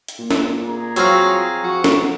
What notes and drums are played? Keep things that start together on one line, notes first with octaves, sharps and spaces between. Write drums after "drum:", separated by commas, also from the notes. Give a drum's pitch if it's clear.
drum: hi-hat
A#2
drum: snare
G#4 A#5
F#3 C4 F4, drum: hi-hat
F3 F#4
drum: snare